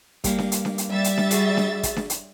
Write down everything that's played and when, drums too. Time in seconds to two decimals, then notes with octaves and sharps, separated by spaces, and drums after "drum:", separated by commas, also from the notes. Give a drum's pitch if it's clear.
0.24 G2 A#3, drum: kick, hi-hat
0.38 drum: snare D4
0.52 drum: hi-hat
0.65 drum: snare D4
0.78 drum: hi-hat
0.90 G3 E5 A6
1.04 drum: hi-hat
1.17 drum: snare D4
1.31 F#4 G#4, drum: hi-hat
1.57 drum: snare D4
1.83 drum: kick, hi-hat
1.96 drum: snare D4
2.10 drum: hi-hat